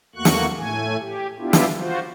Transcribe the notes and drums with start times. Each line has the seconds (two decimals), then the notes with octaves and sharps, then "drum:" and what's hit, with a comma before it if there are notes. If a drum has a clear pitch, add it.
0.16 E2 A3 A#3 F#4 C#6 F#6
0.25 drum: snare
0.57 A2 A3 G#5
1.00 G4
1.40 B3 D4 E4 F4 G4
1.53 drum: snare
1.80 F4 F#4 C5